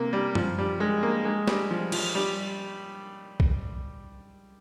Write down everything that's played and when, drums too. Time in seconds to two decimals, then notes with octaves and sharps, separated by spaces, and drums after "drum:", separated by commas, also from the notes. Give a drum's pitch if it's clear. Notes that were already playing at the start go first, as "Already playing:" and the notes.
Already playing: C3 A#3
0.13 G3
0.35 F3, drum: tom F#2
0.58 G3
0.80 G#3
1.03 A#3
1.25 G#3
1.48 G3, drum: snare
1.71 F3
1.92 F3, drum: cymbal
2.15 G3
3.40 drum: kick B1